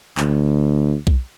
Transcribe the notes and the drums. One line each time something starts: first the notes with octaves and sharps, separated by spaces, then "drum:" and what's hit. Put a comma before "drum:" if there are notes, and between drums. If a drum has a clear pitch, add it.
D2, drum: clap
drum: kick B1